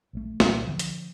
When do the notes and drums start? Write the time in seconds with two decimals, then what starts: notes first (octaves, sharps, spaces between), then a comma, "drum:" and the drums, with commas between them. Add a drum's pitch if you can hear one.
0.13 A#1 F3 A3
0.40 C2 A#2, drum: snare
0.66 D3 F3
0.79 drum: hi-hat